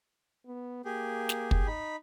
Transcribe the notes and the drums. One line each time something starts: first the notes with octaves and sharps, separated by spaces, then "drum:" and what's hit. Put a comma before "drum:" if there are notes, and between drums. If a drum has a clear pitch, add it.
B3
A#3 G4 G#4
drum: snare
drum: kick
D#4 B5